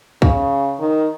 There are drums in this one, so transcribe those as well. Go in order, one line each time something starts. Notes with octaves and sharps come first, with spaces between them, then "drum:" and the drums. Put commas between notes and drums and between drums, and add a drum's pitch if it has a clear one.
C#3, drum: kick
D#3